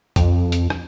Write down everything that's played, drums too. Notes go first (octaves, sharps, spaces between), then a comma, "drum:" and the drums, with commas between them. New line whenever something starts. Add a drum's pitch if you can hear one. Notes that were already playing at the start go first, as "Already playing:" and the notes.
F2, drum: kick C2, hi-hat
drum: hi-hat
drum: rim click